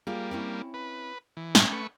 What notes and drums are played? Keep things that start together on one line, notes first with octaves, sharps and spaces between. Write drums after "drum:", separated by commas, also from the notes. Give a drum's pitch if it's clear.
G3 A#3 F4 G#4
C4 C#4 E4
B4
E3
A2 C#4 E5, drum: snare
A3 B4 C#6